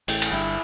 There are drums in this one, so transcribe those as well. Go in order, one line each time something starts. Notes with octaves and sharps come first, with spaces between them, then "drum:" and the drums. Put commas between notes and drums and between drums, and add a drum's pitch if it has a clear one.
A1 A2 G5, drum: open hi-hat
drum: cymbal
G1 G2 E4